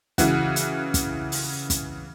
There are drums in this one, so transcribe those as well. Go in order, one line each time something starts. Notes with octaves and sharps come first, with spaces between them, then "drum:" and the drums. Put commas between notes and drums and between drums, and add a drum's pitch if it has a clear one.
C#3 E3 F#4, drum: kick, hi-hat
drum: hi-hat
drum: kick, hi-hat
drum: open hi-hat
drum: kick, hi-hat